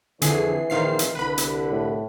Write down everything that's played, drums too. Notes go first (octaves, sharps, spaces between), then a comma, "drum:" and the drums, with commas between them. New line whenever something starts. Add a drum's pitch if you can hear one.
F2 D3 E3 G#4 A4 C#5 C7, drum: hi-hat
A#1 D#3 C5 F5 C7
drum: hi-hat
C2 D3 B4 B5
drum: hi-hat
A2